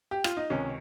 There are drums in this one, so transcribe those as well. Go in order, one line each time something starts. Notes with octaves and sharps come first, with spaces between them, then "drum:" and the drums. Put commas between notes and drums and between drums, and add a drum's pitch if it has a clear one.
G4
F4, drum: rim click
D#4
C#2 C3 D#3 C#4